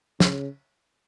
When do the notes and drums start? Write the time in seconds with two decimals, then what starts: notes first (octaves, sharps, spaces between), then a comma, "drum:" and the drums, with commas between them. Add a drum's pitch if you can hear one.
0.20 C#3, drum: snare